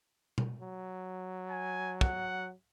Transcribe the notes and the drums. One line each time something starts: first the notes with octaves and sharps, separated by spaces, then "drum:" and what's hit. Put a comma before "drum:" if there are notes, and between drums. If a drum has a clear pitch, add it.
drum: tom B2
F#3
G#5
F#5, drum: kick